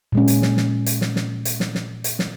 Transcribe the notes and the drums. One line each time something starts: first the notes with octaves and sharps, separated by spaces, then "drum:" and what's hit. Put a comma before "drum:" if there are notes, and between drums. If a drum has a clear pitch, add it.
A#2 G#3 C#4
drum: hi-hat
drum: snare
drum: snare
drum: hi-hat
drum: snare
drum: snare
drum: hi-hat
drum: snare
drum: snare
drum: hi-hat
drum: snare